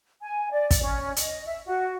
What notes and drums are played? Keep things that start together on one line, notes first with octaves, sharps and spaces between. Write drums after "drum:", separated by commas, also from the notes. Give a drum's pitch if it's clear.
G#5
D5
drum: kick, hi-hat
C#4
D#5, drum: hi-hat
E5
F#4